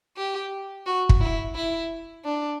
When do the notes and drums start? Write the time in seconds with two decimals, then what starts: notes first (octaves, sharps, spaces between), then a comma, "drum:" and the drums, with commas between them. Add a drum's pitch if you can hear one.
0.17 G4
0.86 F#4
1.09 drum: kick
1.20 E4
1.55 E4
2.24 D4